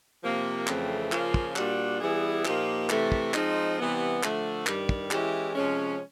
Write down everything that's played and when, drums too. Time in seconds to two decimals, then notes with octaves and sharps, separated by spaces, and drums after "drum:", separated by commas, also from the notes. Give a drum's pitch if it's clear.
0.24 C3 F3 A#3
0.67 F2 C#3 E3 A3 C4, drum: clap
1.12 C#3 F3 A#3 C#4 F4, drum: clap
1.34 drum: kick
1.56 A#2 G3 A#3 D4 F#4, drum: clap
2.01 E3 G3 B3 E4 G#4
2.45 A#2 F3 A#3 D#4 G4, drum: clap
2.90 C3 E3 A3, drum: clap
3.12 drum: kick
3.34 F3 G#3 C4 D#4, drum: clap
3.79 C3 E3 G3 B3
4.23 D3 F3 A3, drum: clap
4.67 G2 D#3 G3, drum: clap
4.89 drum: kick
5.11 E3 G#3 C#4 E4 G4, drum: clap
5.55 C3 F3 G#3 C#4